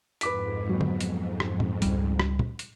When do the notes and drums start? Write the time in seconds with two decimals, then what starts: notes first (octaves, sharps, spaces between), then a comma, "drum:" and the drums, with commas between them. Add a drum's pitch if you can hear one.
0.21 F2 G#2 B4 D6 B6, drum: hi-hat
0.69 F#3 B3
0.81 drum: tom D3
1.01 drum: hi-hat
1.40 drum: rim click
1.60 drum: tom A#2
1.82 C#2 G3, drum: hi-hat
2.20 drum: rim click
2.39 drum: tom A#2
2.59 drum: hi-hat